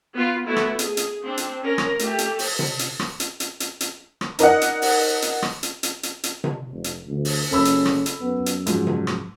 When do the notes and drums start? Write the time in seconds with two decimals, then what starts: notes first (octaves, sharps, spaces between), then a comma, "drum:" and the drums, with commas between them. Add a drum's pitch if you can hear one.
0.15 B3 F4
0.47 A3 B3 E4 F#4
0.56 drum: rim click
0.79 G#4, drum: hi-hat
0.97 drum: hi-hat
1.24 C4 D4
1.37 drum: hi-hat
1.62 C#4 A#4
1.78 drum: rim click
1.99 A3 G4, drum: hi-hat
2.18 drum: hi-hat
2.39 drum: open hi-hat
2.59 drum: tom C3
2.79 drum: hi-hat
2.99 drum: rim click
3.20 drum: hi-hat
3.40 drum: hi-hat
3.60 drum: hi-hat
3.80 drum: hi-hat
4.21 drum: rim click
4.39 D#4 A#4 D5 D#5 F#5, drum: hi-hat
4.61 drum: hi-hat
4.82 drum: open hi-hat
5.22 drum: hi-hat
5.42 drum: rim click
5.63 drum: hi-hat
5.83 drum: hi-hat
6.03 drum: hi-hat
6.23 drum: hi-hat
6.44 drum: tom C3
6.72 F1
6.84 drum: hi-hat
7.08 D2
7.25 drum: open hi-hat
7.51 F#1 C#4 A4 B5 E6
7.65 drum: hi-hat
7.85 drum: rim click
8.06 drum: hi-hat
8.21 F#2 B3
8.46 drum: hi-hat
8.67 G#2 F3 F#4, drum: hi-hat
8.87 drum: tom C3
9.07 drum: rim click